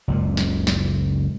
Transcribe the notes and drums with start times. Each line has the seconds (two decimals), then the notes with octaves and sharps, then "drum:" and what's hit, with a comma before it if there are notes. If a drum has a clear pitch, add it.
0.08 F#1 C#2 A#2
0.37 drum: snare
0.67 drum: snare